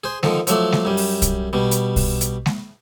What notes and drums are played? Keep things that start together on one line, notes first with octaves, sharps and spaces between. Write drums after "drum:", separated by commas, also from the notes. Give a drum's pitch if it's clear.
G#4 C5
D3 D#3 F3, drum: snare G#3
F3 F#3 A3 D4, drum: hi-hat
drum: snare G#3
F#2 G3
drum: open hi-hat
drum: kick, hi-hat
B2 G3
drum: hi-hat
drum: kick, open hi-hat
drum: hi-hat
drum: snare G#3